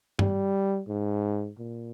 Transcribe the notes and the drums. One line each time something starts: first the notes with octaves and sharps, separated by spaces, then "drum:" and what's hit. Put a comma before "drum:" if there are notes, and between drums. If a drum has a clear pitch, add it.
G3, drum: tom G2
G#2
A#2